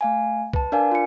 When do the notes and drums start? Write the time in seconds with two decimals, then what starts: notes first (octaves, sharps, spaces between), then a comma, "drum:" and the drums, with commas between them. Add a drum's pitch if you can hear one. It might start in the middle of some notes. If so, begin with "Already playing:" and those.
0.01 A3 F5 G#5
0.53 B4 A5, drum: kick
0.72 D4 A#4 D5 F5 G#5
0.91 F4 C#7